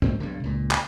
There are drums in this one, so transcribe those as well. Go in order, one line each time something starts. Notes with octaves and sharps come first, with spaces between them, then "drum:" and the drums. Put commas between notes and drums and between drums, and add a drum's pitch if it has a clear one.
D2 G#2 C4, drum: kick
B1 G2 D3
C#2 A#2
drum: clap